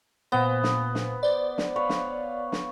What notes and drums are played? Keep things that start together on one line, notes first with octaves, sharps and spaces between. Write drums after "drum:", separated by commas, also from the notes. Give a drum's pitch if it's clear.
A#2 B3 C5
drum: snare
drum: snare
C5 D5
drum: snare
B4 C#5 F5
drum: snare
drum: snare